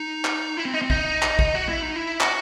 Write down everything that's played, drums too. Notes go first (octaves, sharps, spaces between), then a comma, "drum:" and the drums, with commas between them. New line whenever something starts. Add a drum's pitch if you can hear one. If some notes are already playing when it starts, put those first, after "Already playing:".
Already playing: D#4
drum: clap
E4
C4
D#4
C4
D#4, drum: kick
drum: clap
drum: kick
F#4
E4
D#4
E4
F#4, drum: clap